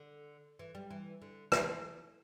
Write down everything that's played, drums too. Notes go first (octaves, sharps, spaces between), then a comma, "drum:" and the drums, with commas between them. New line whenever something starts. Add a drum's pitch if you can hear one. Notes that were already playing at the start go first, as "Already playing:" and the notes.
Already playing: D3
E3
G3
E3
D3
E3, drum: rim click